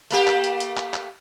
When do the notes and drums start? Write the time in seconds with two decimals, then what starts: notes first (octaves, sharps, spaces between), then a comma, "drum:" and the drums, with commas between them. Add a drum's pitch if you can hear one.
0.11 A3 A#3 G4, drum: open hi-hat
0.27 drum: clap
0.44 drum: hi-hat
0.60 drum: hi-hat
0.77 drum: clap
0.94 drum: clap